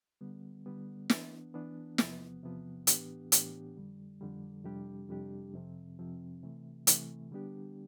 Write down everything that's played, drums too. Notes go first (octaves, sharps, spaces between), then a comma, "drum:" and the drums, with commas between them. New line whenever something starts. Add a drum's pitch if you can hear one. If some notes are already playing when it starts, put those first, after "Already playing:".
D3 G3 B3
D3 G3 B3
E3 B3 D4, drum: snare
E3 B3 D4
E2 C3 F3 B3, drum: snare
E2 C3 F3 B3
A2 E3 B3 D4 G4, drum: hi-hat
A2 E3 B3 D4 G4, drum: hi-hat
F2 D3 G3
F2 D3 G3
F2 C3 G3 D4 G4
F2 C3 G3 D4 G4
F2 C3 F3 C4
F2 C3 F3 C4
C3 E3 A3
C3 E3 A3, drum: hi-hat
D3 G3 B3 D4 G4